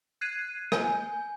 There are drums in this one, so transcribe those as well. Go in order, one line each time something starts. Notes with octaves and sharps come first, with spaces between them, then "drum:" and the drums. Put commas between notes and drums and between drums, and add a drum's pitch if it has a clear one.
F#6 G#6 C7 D#7
G#5 G6, drum: rim click